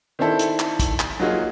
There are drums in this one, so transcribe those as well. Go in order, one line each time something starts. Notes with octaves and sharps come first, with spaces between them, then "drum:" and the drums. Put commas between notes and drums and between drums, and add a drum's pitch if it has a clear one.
D#3 C4 D4 E4 A4
drum: hi-hat
drum: clap
drum: kick, hi-hat
drum: clap
F#3 A#3 D#4 F4 F#4 G#4